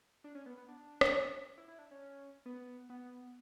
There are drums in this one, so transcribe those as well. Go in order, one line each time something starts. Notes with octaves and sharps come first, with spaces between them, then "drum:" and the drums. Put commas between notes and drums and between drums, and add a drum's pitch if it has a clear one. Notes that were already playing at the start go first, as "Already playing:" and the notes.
D4
C#4
B3
B3
D4
drum: rim click
E4
E4
D4
C#4
B3
B3